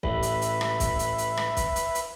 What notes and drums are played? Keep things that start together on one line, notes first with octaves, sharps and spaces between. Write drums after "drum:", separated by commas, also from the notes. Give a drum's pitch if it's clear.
A1 B4 E5 B5, drum: kick
drum: hi-hat
drum: hi-hat
drum: rim click
drum: kick, hi-hat
drum: hi-hat
drum: hi-hat
drum: rim click
drum: kick, hi-hat
drum: hi-hat
drum: hi-hat